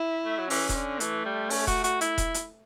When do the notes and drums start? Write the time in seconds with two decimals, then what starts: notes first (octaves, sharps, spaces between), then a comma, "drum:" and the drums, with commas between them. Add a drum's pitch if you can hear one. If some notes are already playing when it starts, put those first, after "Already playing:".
Already playing: E4
0.25 A3
0.39 F#3
0.50 E3 C#4, drum: open hi-hat
0.69 E3, drum: kick E1, hi-hat
0.75 D3
1.00 E3 A3, drum: hi-hat
1.26 G3
1.50 C#4, drum: open hi-hat
1.67 F#4, drum: kick E1, hi-hat
1.84 F#4, drum: hi-hat
2.01 E4, drum: hi-hat
2.18 drum: kick E1, hi-hat
2.34 drum: hi-hat